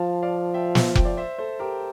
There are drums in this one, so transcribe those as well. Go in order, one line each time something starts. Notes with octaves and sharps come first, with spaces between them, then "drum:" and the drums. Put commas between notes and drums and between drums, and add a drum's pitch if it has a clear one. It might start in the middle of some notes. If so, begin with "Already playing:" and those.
Already playing: F3 F5 A5
D5 F5
E5 G5
drum: snare
F5
G5, drum: kick F1
D5 F5
C5 E5
A4 C5
G4 A#4